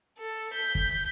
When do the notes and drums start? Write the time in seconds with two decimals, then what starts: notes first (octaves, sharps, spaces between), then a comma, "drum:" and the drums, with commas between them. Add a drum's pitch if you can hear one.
0.19 A4
0.53 G6 B6
0.75 drum: kick